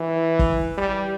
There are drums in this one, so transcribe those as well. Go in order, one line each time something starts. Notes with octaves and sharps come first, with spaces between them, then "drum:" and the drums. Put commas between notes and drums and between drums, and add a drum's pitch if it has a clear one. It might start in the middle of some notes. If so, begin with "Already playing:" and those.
Already playing: E3
drum: kick F#1
G3